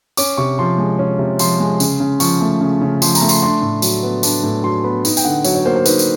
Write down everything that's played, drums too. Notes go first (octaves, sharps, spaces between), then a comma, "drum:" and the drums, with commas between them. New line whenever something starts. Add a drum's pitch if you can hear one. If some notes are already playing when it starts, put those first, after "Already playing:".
C#4 D6, drum: tambourine
C3 C#6
F3 C6
G#3
C#4
C3
F3 C6, drum: tambourine
G#3
C#3, drum: tambourine
C#3
F3 C#6, drum: tambourine
A3
C#3
C#3
F3 C6, drum: tambourine
A#5, drum: tambourine
A3
C6, drum: tambourine
D4 C6
A2
F#3, drum: tambourine
B3
D4, drum: tambourine
A2
F#3 C6
B3 B5
D#4, drum: tambourine
G5, drum: tambourine
D3 F#5
F#3 C#5, drum: tambourine
C#5
A#3 C5
C5
D#4 B4, drum: tambourine
drum: tambourine